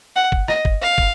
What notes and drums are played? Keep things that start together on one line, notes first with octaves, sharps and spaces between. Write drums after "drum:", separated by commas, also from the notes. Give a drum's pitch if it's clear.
F#5
drum: kick
D#5, drum: rim click
drum: kick
F5
drum: kick